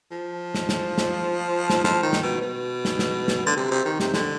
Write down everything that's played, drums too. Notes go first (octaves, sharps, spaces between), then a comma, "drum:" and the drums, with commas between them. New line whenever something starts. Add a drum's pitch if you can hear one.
F3
drum: snare
drum: snare
drum: snare
drum: snare
F3, drum: snare
D#3
drum: snare
B2
B2
drum: snare
drum: snare
drum: snare
D3
C3
C3
D#3
C3, drum: snare
D3, drum: snare